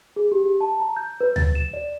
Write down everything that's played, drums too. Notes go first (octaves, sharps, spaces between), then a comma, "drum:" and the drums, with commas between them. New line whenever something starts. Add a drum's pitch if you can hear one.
G#4
G4
G4
A5
A#5
G6
B4
A6, drum: tom D2
E7
D5